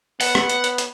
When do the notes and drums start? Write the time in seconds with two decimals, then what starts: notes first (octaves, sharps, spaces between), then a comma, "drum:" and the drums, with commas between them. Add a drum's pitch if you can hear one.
0.21 B3 F#5, drum: open hi-hat
0.35 drum: rim click
0.49 drum: hi-hat
0.64 drum: hi-hat
0.78 drum: hi-hat